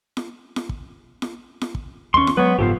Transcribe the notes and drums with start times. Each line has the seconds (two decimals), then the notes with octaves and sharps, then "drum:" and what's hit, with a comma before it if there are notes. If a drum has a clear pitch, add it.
0.17 drum: snare
0.56 drum: snare
0.69 drum: kick
1.22 drum: snare
1.61 drum: snare
1.75 drum: kick
2.14 D#2 G#3 C#4 C6 C#6
2.27 drum: snare
2.37 F#3 G#3 B3 B4 C#5
2.59 F#1 G#2 F3 B3 G4 A4 F5